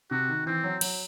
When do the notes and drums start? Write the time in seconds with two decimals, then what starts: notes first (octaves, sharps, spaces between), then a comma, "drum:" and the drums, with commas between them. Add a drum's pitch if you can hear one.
0.11 C3 F#4
0.29 D#3
0.46 E3 C4
0.64 F#3
0.81 F#3, drum: cymbal